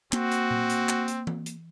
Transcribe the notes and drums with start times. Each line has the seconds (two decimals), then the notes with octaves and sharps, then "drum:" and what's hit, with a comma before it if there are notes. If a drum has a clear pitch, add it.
0.12 A#3 C4 F#4, drum: clap
0.32 drum: hi-hat
0.51 drum: tom A#2
0.70 drum: hi-hat
0.89 drum: clap
1.08 drum: hi-hat
1.27 drum: tom E3
1.46 drum: hi-hat